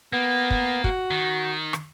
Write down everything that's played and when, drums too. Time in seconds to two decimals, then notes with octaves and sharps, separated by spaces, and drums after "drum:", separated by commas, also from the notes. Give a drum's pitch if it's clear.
0.13 A#3 B3
0.50 drum: kick
0.84 F#4, drum: kick
1.11 D#3
1.73 drum: rim click